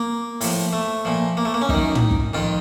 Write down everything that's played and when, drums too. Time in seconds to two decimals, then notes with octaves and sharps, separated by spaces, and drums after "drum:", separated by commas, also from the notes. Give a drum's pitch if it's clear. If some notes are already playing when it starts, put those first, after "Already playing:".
Already playing: A#3
0.41 A2 F3, drum: open hi-hat
0.73 A3
1.05 A#2 F3
1.37 A#3
1.45 A3
1.54 A#3
1.61 C#4
1.69 F#2 D#3 D#4, drum: kick
1.95 drum: tom
2.11 drum: kick
2.33 F2 D#3 F4